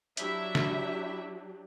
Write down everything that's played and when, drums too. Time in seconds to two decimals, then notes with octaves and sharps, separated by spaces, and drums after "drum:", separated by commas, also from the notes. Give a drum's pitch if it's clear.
0.17 F#3 D4 E4 G4 E5, drum: hi-hat
0.55 drum: snare